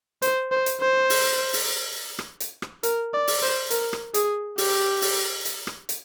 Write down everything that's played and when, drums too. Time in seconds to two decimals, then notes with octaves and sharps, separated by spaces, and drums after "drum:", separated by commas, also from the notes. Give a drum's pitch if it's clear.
0.22 C5, drum: hi-hat
0.51 C5
0.66 drum: hi-hat
0.81 C5
1.10 drum: open hi-hat
1.53 drum: open hi-hat
2.19 drum: rim click
2.40 drum: hi-hat
2.62 drum: rim click
2.83 A#4, drum: hi-hat
3.14 D5
3.27 drum: open hi-hat
3.42 C5
3.71 A#4, drum: hi-hat
3.93 drum: rim click
4.14 G#4, drum: hi-hat
4.58 G4, drum: open hi-hat
5.02 drum: open hi-hat
5.45 drum: hi-hat
5.67 drum: rim click
5.89 drum: hi-hat